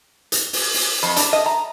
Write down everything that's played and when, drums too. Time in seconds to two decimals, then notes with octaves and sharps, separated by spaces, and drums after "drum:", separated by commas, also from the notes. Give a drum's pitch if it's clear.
0.32 drum: hi-hat
0.53 drum: open hi-hat
0.74 drum: open hi-hat
1.03 F2
1.16 D4, drum: hi-hat
1.33 D#5
1.46 A#5